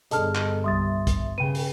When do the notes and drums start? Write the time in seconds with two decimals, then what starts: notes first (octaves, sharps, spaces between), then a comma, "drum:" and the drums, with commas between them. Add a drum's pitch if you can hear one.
0.11 G1 D4 G#4 A4 D#5 A5 F6, drum: hi-hat
0.35 drum: clap
0.64 C2 G3 E5 C6 D#6 A6
1.07 drum: kick, hi-hat
1.38 C#3 B4 G5 D#7
1.55 drum: open hi-hat